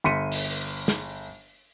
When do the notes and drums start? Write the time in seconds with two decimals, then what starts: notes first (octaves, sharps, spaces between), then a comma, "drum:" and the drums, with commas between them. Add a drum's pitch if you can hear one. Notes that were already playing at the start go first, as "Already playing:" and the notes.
0.04 G1 C6 B6 C#7 D#7
0.32 drum: open hi-hat
0.88 drum: snare